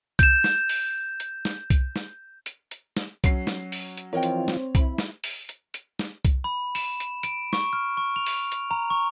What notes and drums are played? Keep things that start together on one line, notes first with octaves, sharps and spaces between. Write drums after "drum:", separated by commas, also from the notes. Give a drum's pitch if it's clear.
G6 E7, drum: kick C2, hi-hat
drum: snare
drum: open hi-hat
drum: hi-hat
drum: snare
drum: kick C2, hi-hat
drum: snare
drum: hi-hat
drum: hi-hat
drum: snare
F#3 C#4 C7, drum: kick C2, hi-hat
drum: snare
drum: open hi-hat
drum: hi-hat
E3 F3 C4 F4 A#4 C#5 D#5 G5
drum: hi-hat
drum: snare
E4 B5, drum: kick C2, hi-hat
drum: snare
drum: open hi-hat
drum: hi-hat
drum: hi-hat
drum: snare
drum: kick C2, hi-hat
B5
E7, drum: open hi-hat
drum: hi-hat
D7, drum: hi-hat
C#6, drum: snare
F6
C#6
F7
drum: open hi-hat
drum: hi-hat
A#5
C#6